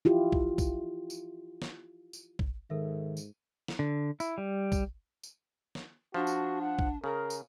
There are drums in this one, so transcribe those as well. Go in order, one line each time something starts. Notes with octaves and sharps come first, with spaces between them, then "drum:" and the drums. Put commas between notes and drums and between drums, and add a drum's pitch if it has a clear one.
E4 F4 G4
drum: kick
drum: kick, tambourine
drum: tambourine
drum: snare
drum: tambourine
drum: kick
G#2 D#3 A4 A#4 E5
drum: tambourine
drum: snare
D3
E4, drum: tambourine
G3
drum: kick, tambourine
drum: tambourine
drum: snare
F3 D4 F#4
drum: tambourine
F#5
drum: kick
C#3 G#4 A#4
drum: tambourine